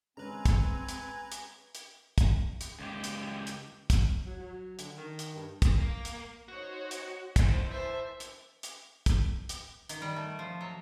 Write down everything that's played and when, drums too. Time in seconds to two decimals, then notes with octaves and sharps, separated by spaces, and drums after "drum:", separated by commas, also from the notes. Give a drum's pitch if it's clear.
0.17 C#3 G#3 C4 C#4 B4 G#5 A#5
0.45 drum: kick, hi-hat
0.89 drum: hi-hat
1.32 drum: hi-hat
1.75 drum: hi-hat
2.18 drum: kick, hi-hat
2.61 drum: hi-hat
2.79 C#2 G4
3.04 drum: hi-hat
3.47 drum: hi-hat
3.90 drum: kick, hi-hat
4.26 F#3
4.40 F#3
4.79 D3, drum: hi-hat
4.97 D#3
5.19 drum: hi-hat
5.35 G2
5.62 drum: kick, hi-hat
5.78 A#3
6.05 drum: hi-hat
6.48 D#4 F#4 C5 C#5
6.91 drum: hi-hat
7.36 D#4 E4 A4 C5, drum: kick, hi-hat
7.72 E3 C5 E5 A5
8.20 drum: hi-hat
8.63 drum: hi-hat
9.06 drum: kick, hi-hat
9.49 drum: hi-hat
9.89 D#3, drum: hi-hat
10.02 G3
10.16 A3
10.39 F3
10.61 F#3